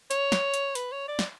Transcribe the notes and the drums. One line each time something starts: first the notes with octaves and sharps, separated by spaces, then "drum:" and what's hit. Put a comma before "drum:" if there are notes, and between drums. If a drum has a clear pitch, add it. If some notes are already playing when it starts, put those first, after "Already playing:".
C#5, drum: hi-hat
drum: snare
drum: hi-hat
B4, drum: hi-hat
C#5
D5
drum: snare